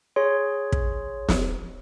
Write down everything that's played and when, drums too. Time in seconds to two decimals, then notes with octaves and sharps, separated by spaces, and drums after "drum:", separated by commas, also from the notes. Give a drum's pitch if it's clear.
0.16 G#4 C#5 C6
0.72 drum: kick
1.29 drum: snare